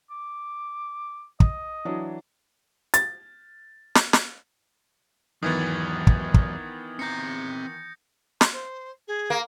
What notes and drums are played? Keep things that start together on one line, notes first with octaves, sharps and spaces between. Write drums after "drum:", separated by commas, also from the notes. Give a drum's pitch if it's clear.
D6
D#5, drum: kick
E3 F#3 D4
A6, drum: hi-hat
drum: snare
drum: snare
E2 D#3 E3 F#3 B3 D#6 G#6 A6
drum: kick
drum: kick
C4 A#5 G6 A#6 C#7
C6, drum: snare
C5
G#4
A#3